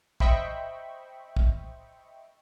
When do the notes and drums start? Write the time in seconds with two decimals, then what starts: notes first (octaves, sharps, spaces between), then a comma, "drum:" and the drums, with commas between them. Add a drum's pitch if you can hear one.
0.20 C5 D#5 E5 G5 B5 C#6, drum: kick
1.37 drum: kick